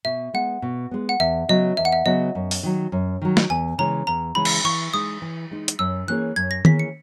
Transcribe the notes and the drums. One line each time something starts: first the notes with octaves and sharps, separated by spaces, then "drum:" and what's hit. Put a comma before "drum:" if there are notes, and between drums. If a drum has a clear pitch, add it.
B2 E5
G#3 B3 F#5
B2
G#3 B3
F#5
E2 E5
C#3 F#3 B3 D#5
E2 E5
F#5
E5
C#3 F#3 B3 D#5
F#2
drum: open hi-hat
D#3 F#3
F#2
D#3 F#3
drum: snare
E2 G#5
C#3 E3 G#3 A#5
E2 A#5
C#3 E3 G#3 B5
drum: cymbal
E3 C#6
G#3 D#4 D#6
E3
G#3 D#4
drum: hi-hat
F#2 E6
E3 A#3 C#4 G#4 F#6
F#2 G#6
A#6
E3 A#3 C#4 G#4 B6, drum: tom D#3
C#7